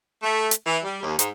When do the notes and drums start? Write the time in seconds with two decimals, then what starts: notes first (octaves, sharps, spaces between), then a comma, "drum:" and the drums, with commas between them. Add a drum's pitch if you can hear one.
0.23 A3
0.51 drum: hi-hat
0.67 E3
0.84 G3
1.03 D#2
1.19 G#2, drum: hi-hat